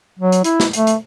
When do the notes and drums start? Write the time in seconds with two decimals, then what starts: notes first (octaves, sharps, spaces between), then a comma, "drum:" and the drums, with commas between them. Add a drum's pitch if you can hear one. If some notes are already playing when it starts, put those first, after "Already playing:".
0.19 F#3
0.32 drum: hi-hat
0.44 E4, drum: hi-hat
0.60 drum: snare
0.73 A3, drum: hi-hat
0.87 drum: hi-hat